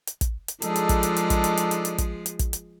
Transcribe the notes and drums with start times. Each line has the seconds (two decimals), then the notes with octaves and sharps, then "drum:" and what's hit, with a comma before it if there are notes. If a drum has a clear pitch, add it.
0.07 drum: hi-hat
0.21 drum: kick, hi-hat
0.48 drum: hi-hat
0.62 F3 G#3 D4 D#4 G#4 A4, drum: hi-hat
0.76 drum: hi-hat
0.89 drum: kick, hi-hat
1.03 drum: hi-hat
1.17 drum: hi-hat
1.30 drum: kick, hi-hat
1.44 drum: hi-hat
1.57 drum: hi-hat
1.71 drum: hi-hat
1.85 drum: hi-hat
1.98 drum: kick, hi-hat
2.26 drum: hi-hat
2.39 drum: kick, hi-hat
2.53 drum: hi-hat